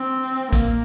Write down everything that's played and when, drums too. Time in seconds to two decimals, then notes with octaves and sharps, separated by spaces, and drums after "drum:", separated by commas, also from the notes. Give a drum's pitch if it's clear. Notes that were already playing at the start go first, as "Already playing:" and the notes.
Already playing: C4
0.53 A#3, drum: kick, hi-hat